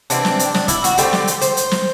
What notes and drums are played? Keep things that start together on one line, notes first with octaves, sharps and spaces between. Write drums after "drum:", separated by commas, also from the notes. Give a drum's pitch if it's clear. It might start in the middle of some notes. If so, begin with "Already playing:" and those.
C3 E3 A3 C4 D4, drum: hi-hat
drum: snare
drum: hi-hat
D4, drum: snare
E4, drum: kick, hi-hat
F#4, drum: hi-hat
D3 A3 C4 G4, drum: hi-hat
drum: snare
drum: hi-hat
C5, drum: hi-hat
drum: hi-hat
drum: snare